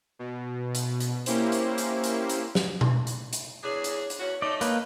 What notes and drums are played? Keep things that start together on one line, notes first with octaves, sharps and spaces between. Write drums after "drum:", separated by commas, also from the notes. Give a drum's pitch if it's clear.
B2
drum: hi-hat
drum: hi-hat
A#3 C#4 E4 G4 C5, drum: hi-hat
drum: hi-hat
drum: hi-hat
drum: hi-hat
drum: hi-hat
drum: snare
drum: tom B2
drum: hi-hat
drum: hi-hat
E2 D4 G#4 C#5
drum: hi-hat
drum: hi-hat
E2 C#4 F#4 C#5
A3 D#4 D5
A#3 B4, drum: hi-hat